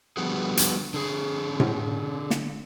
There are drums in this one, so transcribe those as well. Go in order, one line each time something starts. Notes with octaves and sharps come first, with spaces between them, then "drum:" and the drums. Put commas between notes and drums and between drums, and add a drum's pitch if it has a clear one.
D3 F3 G3 B3 F#4 G#4
drum: hi-hat
D3 G#4
drum: tom A2
drum: snare